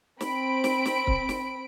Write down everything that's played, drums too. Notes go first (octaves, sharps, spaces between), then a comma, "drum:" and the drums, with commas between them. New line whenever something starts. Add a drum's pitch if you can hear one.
C4 B5 D7, drum: snare
drum: snare
drum: snare
drum: kick C#1
drum: snare